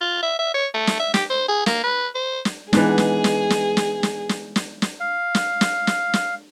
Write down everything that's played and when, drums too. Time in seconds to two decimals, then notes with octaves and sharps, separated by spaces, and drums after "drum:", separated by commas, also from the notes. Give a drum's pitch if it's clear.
0.01 F4
0.23 E5
0.39 E5
0.54 C#5
0.74 A3
0.87 drum: snare
1.00 E5
1.14 G4, drum: snare
1.30 C5
1.48 G#4
1.66 A#3, drum: snare
1.84 B4
2.15 C5
2.45 drum: snare
2.73 E3 G#3 B3 D4 D#4 G#4, drum: snare
2.98 drum: snare
3.24 drum: snare
3.50 drum: snare
3.77 drum: snare
4.03 drum: snare
4.29 drum: snare
4.56 drum: snare
4.82 drum: snare
5.00 F5
5.35 drum: snare
5.61 drum: snare
5.87 drum: snare
6.13 drum: snare